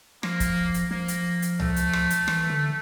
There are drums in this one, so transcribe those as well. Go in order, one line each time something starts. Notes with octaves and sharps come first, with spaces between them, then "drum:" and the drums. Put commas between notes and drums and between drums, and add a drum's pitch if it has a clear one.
F3 A#3, drum: rim click
drum: kick, hi-hat
drum: hi-hat
F3 A#3
drum: hi-hat
drum: hi-hat
A3, drum: tom C2
drum: hi-hat
drum: rim click
drum: hi-hat
E3, drum: rim click
D3